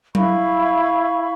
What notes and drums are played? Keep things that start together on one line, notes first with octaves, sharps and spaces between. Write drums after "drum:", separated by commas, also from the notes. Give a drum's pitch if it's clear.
E4 F5 B5 C#6, drum: tom F#3